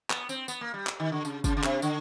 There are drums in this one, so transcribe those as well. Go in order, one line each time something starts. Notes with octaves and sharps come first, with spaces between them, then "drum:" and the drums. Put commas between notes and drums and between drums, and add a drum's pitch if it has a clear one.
B3, drum: clap
C4, drum: tambourine
B3, drum: tambourine
A#3
G3
drum: clap
D#3
D3
C#3, drum: tambourine
C#3, drum: kick, tambourine
C#3
C3, drum: clap
D3, drum: tambourine